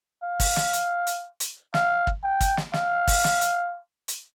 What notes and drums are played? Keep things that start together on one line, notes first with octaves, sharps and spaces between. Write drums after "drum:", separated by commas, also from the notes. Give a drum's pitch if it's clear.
F5
drum: kick, open hi-hat
drum: snare
drum: hi-hat
drum: hi-hat
drum: hi-hat
F5, drum: snare
drum: kick
G5
drum: kick, hi-hat
drum: snare
F5, drum: snare
drum: kick, open hi-hat
drum: snare
drum: hi-hat
drum: hi-hat